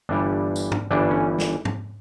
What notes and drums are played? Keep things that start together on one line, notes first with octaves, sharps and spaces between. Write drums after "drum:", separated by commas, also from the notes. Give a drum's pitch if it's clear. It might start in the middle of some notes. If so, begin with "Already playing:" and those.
G1 G2 E3 G3 D4
drum: tambourine
drum: tom G2
G1 G2 E3 G3 D4
C#4
drum: snare
drum: tom G2